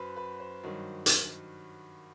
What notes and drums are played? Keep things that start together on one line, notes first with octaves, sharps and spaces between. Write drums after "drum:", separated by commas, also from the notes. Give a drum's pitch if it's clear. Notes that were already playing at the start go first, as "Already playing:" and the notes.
Already playing: F#2 F#3 B4 C5
B4
C5
G2 D#3 F#3
drum: hi-hat